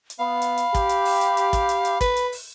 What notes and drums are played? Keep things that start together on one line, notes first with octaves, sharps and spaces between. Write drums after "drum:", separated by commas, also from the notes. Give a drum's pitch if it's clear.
drum: hi-hat
B3 F5 B5
drum: hi-hat
drum: hi-hat
G4, drum: kick, hi-hat
drum: hi-hat
drum: open hi-hat
drum: hi-hat
drum: hi-hat
drum: kick, hi-hat
drum: hi-hat
drum: hi-hat
B4, drum: kick, hi-hat
drum: hi-hat
drum: open hi-hat